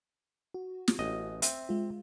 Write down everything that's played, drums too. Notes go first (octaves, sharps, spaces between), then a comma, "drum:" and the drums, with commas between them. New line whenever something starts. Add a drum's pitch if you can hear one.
F#4
drum: snare
A1 D#5
C4 E5, drum: hi-hat
G#3 F4